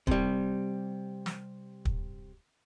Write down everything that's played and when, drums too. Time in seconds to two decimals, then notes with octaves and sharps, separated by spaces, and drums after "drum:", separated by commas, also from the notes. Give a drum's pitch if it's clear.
0.07 C3 G3, drum: kick
1.26 drum: snare
1.85 drum: kick